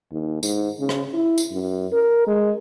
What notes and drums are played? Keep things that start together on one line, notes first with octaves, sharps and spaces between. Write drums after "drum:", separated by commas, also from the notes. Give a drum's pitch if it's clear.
D#2
G#2, drum: tambourine
C#3
drum: rim click
E4
drum: tambourine
F#2
A#4
G#3